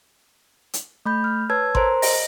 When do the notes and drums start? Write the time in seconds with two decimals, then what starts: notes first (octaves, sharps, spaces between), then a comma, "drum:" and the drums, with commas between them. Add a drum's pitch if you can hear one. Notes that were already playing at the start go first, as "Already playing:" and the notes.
0.73 drum: hi-hat
1.06 A3 B5 G6
1.24 F6
1.50 B4 C#5 A5 E6 G#6
1.75 A#4 C5 A#5 C6, drum: kick G#1
2.02 D#5 A#6, drum: open hi-hat